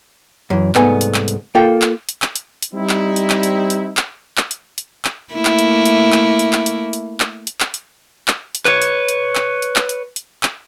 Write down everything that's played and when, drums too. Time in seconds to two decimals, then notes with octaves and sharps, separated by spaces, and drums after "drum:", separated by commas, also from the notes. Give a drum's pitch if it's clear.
0.50 F#2 E3
0.75 C2 G#2 A3 B3 G#5, drum: clap
1.01 drum: hi-hat
1.14 drum: clap
1.28 drum: hi-hat
1.55 A#3 F4 A4 G5
1.82 drum: clap
2.09 drum: hi-hat
2.22 drum: clap
2.36 drum: hi-hat
2.62 drum: hi-hat
2.74 G3 C4 D#4 E4
2.89 drum: clap
3.16 drum: hi-hat
3.30 drum: clap
3.43 drum: hi-hat
3.70 drum: hi-hat
3.97 drum: clap
4.37 drum: clap
4.51 drum: hi-hat
4.78 drum: hi-hat
5.05 drum: clap
5.34 A3 A#3 E4
5.45 drum: clap
5.59 drum: hi-hat
5.85 drum: hi-hat
6.12 drum: clap
6.39 drum: hi-hat
6.53 drum: clap
6.66 drum: hi-hat
6.93 drum: hi-hat
7.20 drum: clap
7.47 drum: hi-hat
7.60 drum: clap
7.74 drum: hi-hat
8.28 drum: clap
8.55 drum: hi-hat
8.65 B4 C#5, drum: clap
8.82 drum: hi-hat
9.08 drum: hi-hat
9.35 drum: clap
9.62 drum: hi-hat
9.76 drum: clap
9.89 drum: hi-hat
10.16 drum: hi-hat
10.43 drum: clap